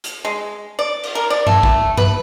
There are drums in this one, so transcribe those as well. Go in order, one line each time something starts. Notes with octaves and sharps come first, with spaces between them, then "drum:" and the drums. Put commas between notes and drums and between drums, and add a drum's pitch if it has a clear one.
drum: hi-hat
G#3
D5
drum: cymbal
A#4
D5
A3, drum: tom G2
drum: kick
B4, drum: tom G2